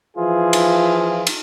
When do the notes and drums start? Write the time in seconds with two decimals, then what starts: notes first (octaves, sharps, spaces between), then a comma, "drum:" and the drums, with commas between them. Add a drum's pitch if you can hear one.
0.16 E3 F3 F4 G#4
0.53 drum: cymbal
1.27 drum: cymbal